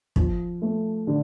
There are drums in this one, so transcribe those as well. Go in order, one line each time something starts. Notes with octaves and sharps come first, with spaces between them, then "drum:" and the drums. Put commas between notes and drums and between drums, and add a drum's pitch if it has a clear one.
F3, drum: kick
A3
D3